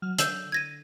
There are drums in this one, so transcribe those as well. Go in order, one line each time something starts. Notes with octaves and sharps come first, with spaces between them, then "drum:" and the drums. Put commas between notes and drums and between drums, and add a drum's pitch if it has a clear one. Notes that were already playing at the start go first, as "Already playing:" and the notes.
F#3 F6
D3 E6 G6, drum: hi-hat
G#6 A#6 D#7